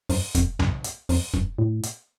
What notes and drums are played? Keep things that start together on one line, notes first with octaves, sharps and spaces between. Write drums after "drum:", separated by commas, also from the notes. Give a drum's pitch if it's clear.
F#2, drum: open hi-hat
F2, drum: kick E1, hi-hat
F#2, drum: tom B1
drum: hi-hat
F2, drum: open hi-hat
F#2, drum: kick E1
A2
drum: hi-hat